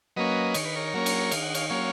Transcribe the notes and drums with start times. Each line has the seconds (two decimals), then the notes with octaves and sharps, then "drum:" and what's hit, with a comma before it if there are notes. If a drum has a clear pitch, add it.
0.16 F#3 A#3 C#4 B4 D#5
0.54 D#3 C#5, drum: cymbal
0.65 B4
0.75 A#4 C#5
0.94 F#3 A#3 C#4
1.06 drum: cymbal
1.31 D#3 F5, drum: cymbal
1.43 F#5
1.55 C#5 F5, drum: cymbal
1.70 F#3 A#3 C#4 C#5 F5